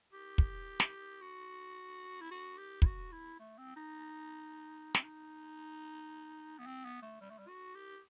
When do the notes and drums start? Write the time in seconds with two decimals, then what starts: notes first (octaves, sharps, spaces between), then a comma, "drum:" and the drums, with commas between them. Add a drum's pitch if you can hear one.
0.13 G4
0.38 drum: kick
0.80 drum: snare
1.22 F#4
2.21 E4
2.31 F#4
2.58 G4
2.82 E4, drum: kick
2.86 F#4
3.12 E4
3.39 A3
3.58 C4
3.76 D#4
4.95 C4, drum: snare
5.03 D#4
6.59 B3
6.67 C4
6.85 B3
7.02 A3
7.21 G3
7.30 A3
7.39 G3
7.48 F#4
7.75 G4